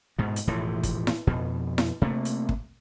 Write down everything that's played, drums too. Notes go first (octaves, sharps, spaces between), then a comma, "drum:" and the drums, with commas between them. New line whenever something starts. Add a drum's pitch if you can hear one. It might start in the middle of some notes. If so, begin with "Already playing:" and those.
G#2 B2
drum: hi-hat
E1 A2 E3 F3
drum: kick, hi-hat
drum: snare E4
F2 B2
drum: snare E4
C3 A3 A#3
drum: hi-hat
drum: kick